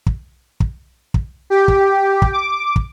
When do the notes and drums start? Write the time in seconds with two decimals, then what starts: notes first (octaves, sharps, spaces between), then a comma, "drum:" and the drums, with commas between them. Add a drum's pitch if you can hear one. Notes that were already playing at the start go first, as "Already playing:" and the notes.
0.06 drum: kick
0.60 drum: kick
1.14 drum: kick
1.50 G4
1.68 drum: kick
2.22 drum: kick
2.33 D6
2.76 drum: kick